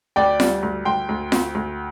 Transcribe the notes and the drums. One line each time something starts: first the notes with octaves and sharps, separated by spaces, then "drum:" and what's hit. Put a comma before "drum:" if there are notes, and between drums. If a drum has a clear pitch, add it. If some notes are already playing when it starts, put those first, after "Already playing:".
D2 D5 G5
G3, drum: snare F4
D2
D2 G5 C6
D2
D2, drum: snare F4
D2